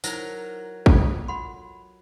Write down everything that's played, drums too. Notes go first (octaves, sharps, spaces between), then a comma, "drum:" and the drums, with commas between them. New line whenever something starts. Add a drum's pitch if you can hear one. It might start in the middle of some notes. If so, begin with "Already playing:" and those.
F#3 D#4 E4 A#4 C5 A#5, drum: tambourine
F4 A4, drum: kick
F#5 B5 C6